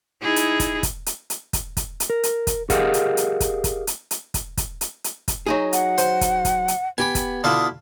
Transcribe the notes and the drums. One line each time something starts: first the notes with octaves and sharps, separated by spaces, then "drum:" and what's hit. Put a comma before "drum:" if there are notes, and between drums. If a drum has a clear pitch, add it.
D#4 E4 G#4
drum: hi-hat
drum: kick, hi-hat
drum: kick, hi-hat
drum: hi-hat
drum: hi-hat
drum: kick, hi-hat
drum: kick, hi-hat
drum: hi-hat
A#4
drum: hi-hat
drum: kick, hi-hat
G4 G#4 A#4 D#5 F5 F#5, drum: kick, hi-hat
drum: hi-hat
drum: hi-hat
drum: kick, hi-hat
drum: kick, hi-hat
drum: hi-hat
drum: hi-hat
drum: kick, hi-hat
drum: kick, hi-hat
drum: hi-hat
drum: hi-hat
drum: kick, hi-hat
F#3 D#4 G#4
F#5, drum: hi-hat
C5, drum: hi-hat
drum: kick, hi-hat
drum: kick, hi-hat
drum: hi-hat
B3 G4 G#5 B5
drum: kick, hi-hat
B2 D3 E4 F4 D#6